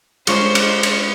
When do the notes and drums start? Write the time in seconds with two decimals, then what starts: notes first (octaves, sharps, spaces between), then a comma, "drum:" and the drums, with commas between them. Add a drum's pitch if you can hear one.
0.27 G#3 C#4 D4 F4 A#4 C5 C#6 D6, drum: cymbal
0.55 drum: cymbal
0.83 drum: cymbal